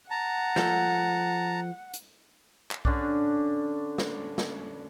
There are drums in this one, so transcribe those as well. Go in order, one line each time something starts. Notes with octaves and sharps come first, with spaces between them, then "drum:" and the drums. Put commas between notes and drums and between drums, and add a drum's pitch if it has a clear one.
F#5 A5 A#5
F3 A4, drum: snare
drum: hi-hat
drum: clap
D3 C#4 D4, drum: kick B1
drum: snare
drum: snare